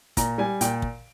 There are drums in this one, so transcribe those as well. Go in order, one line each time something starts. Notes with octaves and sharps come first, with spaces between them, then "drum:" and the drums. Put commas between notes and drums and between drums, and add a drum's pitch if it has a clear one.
A#2 A#5, drum: kick, hi-hat
G3 G#5
A#2 G5, drum: hi-hat
drum: kick